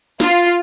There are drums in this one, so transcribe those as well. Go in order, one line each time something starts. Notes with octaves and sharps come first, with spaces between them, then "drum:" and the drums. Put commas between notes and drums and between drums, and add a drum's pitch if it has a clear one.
F4, drum: snare
drum: hi-hat